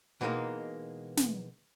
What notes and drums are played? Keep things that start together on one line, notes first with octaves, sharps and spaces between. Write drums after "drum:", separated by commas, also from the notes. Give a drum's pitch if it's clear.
B2 E3 G3 G#3 A#3 D#4
drum: snare